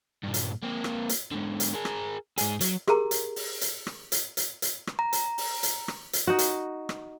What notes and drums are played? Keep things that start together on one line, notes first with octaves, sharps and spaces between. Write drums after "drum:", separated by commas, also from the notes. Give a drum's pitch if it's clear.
G2 A#2
drum: hi-hat
A#3 C4
drum: rim click
drum: hi-hat
G#2 D3
drum: hi-hat
G#4 A#4
drum: rim click
G#2 G#4, drum: hi-hat
F#3, drum: hi-hat
G4 G#4 A#4 A#5, drum: rim click
drum: hi-hat
drum: open hi-hat
drum: hi-hat
drum: rim click
drum: hi-hat
drum: hi-hat
drum: hi-hat
drum: rim click
A#5
drum: hi-hat
drum: open hi-hat
drum: hi-hat
drum: rim click
drum: hi-hat
D#4 F#4
drum: hi-hat
drum: rim click